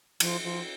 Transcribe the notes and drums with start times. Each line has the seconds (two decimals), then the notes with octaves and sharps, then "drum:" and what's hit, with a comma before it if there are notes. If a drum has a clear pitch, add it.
0.20 F3, drum: cymbal
0.43 F3